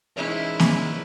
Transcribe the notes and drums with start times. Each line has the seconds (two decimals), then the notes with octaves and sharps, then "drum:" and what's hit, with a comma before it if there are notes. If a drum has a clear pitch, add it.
0.17 E3 G#3 C#4 D#4 E4 A#4 C5
0.60 drum: snare A#3